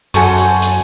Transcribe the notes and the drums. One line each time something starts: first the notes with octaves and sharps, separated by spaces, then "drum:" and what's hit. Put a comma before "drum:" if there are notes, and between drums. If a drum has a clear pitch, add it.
F#2 F#4 A4 C5 G#5 A5 C#6, drum: hi-hat
drum: hi-hat
drum: hi-hat